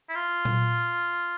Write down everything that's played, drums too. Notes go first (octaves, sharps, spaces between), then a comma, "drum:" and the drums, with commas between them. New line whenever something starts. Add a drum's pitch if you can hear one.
E4
F4
drum: tom A#2